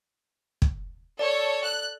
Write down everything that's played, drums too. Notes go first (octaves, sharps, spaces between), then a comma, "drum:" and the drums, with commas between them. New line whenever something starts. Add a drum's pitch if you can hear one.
drum: kick
A4 C#5 D5
F#6